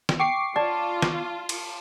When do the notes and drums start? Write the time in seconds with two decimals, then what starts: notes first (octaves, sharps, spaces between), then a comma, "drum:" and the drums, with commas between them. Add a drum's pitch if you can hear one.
0.09 drum: snare
0.20 G5 C#6 D6 C7
0.56 F4 D5 A5
1.02 drum: snare
1.49 drum: cymbal